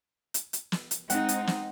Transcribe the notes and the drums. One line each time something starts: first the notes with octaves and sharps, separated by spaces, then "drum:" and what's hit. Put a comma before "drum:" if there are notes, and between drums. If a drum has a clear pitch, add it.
drum: hi-hat
drum: hi-hat
drum: snare
drum: hi-hat
G#3 C4 D#4 F#5, drum: hi-hat
drum: hi-hat
drum: snare